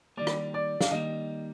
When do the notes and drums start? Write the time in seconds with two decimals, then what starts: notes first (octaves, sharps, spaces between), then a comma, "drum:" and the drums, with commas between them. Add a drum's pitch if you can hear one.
0.17 D#3 G3 A#3 D5
0.27 drum: rim click
0.54 D5
0.81 F5, drum: snare
0.91 D#3 G3 A#3 D#5